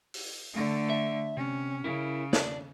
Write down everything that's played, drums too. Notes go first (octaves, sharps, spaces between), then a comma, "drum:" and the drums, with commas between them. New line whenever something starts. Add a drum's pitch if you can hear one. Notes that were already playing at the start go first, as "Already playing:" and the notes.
drum: open hi-hat
D3 A3
E5
C3 C#4
C#3 E4 A#4
D4 D5, drum: snare